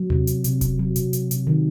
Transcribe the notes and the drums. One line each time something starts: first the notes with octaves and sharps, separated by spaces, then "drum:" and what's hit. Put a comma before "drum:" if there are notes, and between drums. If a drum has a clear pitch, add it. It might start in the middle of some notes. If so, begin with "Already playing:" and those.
Already playing: F#3
C3, drum: tom D#2
C3, drum: hi-hat
C3, drum: hi-hat
C3, drum: kick E1, hi-hat
F#3
C3, drum: hi-hat
C3, drum: hi-hat
C3, drum: hi-hat
D#3